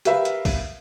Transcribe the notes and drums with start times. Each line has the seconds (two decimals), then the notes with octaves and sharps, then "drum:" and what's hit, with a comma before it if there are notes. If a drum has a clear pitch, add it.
0.05 G4 A#4 B4 E5 F5, drum: hi-hat
0.25 drum: hi-hat
0.45 drum: kick, open hi-hat